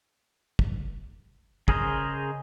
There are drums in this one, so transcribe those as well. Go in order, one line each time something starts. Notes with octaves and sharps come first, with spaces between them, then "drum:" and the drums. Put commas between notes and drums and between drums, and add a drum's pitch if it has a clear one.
drum: kick
C#3 G#4 A#4 C5 D#5, drum: kick